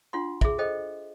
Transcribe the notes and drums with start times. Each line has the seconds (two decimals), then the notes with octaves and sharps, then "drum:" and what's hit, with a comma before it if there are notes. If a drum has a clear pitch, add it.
0.13 D4 F4 F#5 C6
0.41 G#4 E5, drum: kick
0.58 A4 C5 D#5 G5